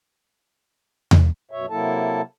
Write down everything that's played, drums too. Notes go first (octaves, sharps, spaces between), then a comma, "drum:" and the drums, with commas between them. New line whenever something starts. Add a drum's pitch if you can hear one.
drum: tom E2
F#2 B2 C#5 E5
C3 F#3 A#3 E4 A4 A5